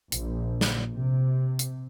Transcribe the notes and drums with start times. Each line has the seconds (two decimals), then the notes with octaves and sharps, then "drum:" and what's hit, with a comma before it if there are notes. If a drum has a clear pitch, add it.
0.12 A#1, drum: hi-hat
0.61 drum: snare
0.94 C3
1.59 drum: hi-hat